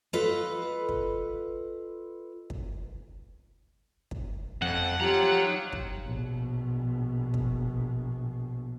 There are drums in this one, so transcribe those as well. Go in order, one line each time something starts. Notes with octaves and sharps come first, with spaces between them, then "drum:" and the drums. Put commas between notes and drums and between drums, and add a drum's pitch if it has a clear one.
F4 A4 B4 D#5
drum: kick
drum: kick
drum: kick
F2 F#5
F4 G4 C#5 A#5
D#4
drum: kick
A#1 B2
drum: kick